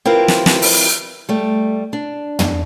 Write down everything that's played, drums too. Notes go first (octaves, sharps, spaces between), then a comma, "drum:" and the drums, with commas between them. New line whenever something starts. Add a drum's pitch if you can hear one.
C4 E4 F4 G4 A#4 B4
drum: snare
drum: snare
drum: open hi-hat
G3 A3
D4
drum: tom